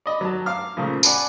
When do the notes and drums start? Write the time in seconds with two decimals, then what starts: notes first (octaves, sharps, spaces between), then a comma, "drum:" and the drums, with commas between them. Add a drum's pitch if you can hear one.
0.06 D5 D#5 B5
0.21 F#3 A5
0.46 F5 D6 F6
0.77 A#2 C#3 F3 A3
1.03 D5 F#5 G#5 A5 B5, drum: tambourine